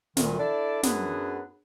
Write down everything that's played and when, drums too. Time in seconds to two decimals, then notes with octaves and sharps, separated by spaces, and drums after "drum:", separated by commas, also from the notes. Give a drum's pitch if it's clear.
0.17 D2 A#2 D#3, drum: snare
0.39 D4 E4 A4 D5
0.83 F#2 B3 D4 G#4, drum: snare